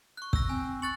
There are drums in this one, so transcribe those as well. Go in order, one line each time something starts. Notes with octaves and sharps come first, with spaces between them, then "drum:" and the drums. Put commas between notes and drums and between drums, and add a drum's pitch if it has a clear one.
C#6 F#6
E6 A#6, drum: kick
C4 G#5
C#6 F#6 A6 F#7